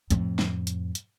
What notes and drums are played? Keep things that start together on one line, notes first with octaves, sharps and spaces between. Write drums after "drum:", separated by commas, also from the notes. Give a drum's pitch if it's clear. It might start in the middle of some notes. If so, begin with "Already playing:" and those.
F2 A2, drum: hi-hat
drum: snare
drum: hi-hat
drum: hi-hat